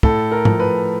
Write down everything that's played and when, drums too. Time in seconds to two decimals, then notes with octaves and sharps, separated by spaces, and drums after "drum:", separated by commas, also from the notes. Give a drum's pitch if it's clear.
0.03 A2 A4, drum: kick
0.32 A#4
0.45 F3, drum: tom G#2
0.60 B4